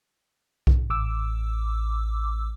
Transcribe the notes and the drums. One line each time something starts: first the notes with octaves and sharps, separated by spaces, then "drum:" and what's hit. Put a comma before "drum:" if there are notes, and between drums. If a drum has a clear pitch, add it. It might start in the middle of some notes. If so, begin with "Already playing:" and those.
drum: kick B1
A1 D6 E6